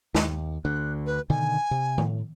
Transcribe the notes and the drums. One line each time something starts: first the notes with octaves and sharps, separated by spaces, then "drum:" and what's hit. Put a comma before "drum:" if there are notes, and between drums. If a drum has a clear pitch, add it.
D#2, drum: snare
D2 D3 F#6
B4
B2 D3 D#3 G#5
C3
A2, drum: tom D#3